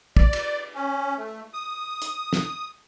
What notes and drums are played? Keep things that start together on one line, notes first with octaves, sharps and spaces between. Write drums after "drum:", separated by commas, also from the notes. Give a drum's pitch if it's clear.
D5, drum: kick
drum: cymbal
C#4
A3
D#6
drum: hi-hat
drum: snare